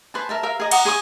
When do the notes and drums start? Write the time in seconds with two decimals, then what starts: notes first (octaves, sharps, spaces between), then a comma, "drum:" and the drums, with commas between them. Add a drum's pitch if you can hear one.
0.14 B4 C5 G#5 A5
0.29 A#4 E5 A5
0.43 A#4 E5 F5
0.60 G#4 D#5 A#5
0.71 F#5 A#5 D6 D#6, drum: cymbal
0.85 G#4 G#5 C#6 D#6